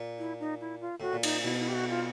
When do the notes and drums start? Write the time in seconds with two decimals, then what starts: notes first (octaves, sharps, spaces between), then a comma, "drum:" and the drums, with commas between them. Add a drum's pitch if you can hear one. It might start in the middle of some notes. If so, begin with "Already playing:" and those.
Already playing: A#2
0.19 E4
0.40 D#4
0.61 E4
0.81 F4
1.00 A2 F#4
1.13 A#2
1.23 D#4, drum: cymbal
1.44 B2 E4
1.59 E4
1.68 G4
1.74 F#4
1.90 F4